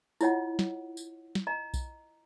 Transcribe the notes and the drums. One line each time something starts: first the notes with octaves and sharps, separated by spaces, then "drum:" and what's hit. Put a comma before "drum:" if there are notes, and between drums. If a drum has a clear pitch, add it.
E4 F4 C#5 D#5 F#5, drum: tambourine
drum: snare
drum: tambourine
drum: snare
D#5 A#5
drum: kick B1, tambourine